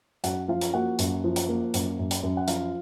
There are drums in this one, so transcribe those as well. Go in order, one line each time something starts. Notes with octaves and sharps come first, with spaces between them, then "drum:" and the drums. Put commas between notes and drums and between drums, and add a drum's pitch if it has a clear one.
F#2 F#4 F#5, drum: hi-hat
F3 F4 F5
drum: hi-hat
A#3 F#4 F#5
F#2, drum: hi-hat
F3
drum: hi-hat
A#3
F#2, drum: hi-hat
F#2
drum: hi-hat
F#2
F#5
F3 F4 F5, drum: hi-hat